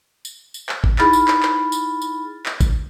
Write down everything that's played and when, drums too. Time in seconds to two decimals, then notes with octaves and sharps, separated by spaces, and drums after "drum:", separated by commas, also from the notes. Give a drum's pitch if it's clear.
0.25 drum: tambourine
0.54 drum: tambourine
0.69 drum: clap
0.84 drum: kick A1
0.98 D#4 E4 G#4 B5 F6 A6, drum: clap
1.13 drum: tambourine
1.28 drum: clap
1.43 drum: clap
1.72 drum: tambourine
2.02 drum: tambourine
2.46 drum: clap
2.61 drum: kick A1, tambourine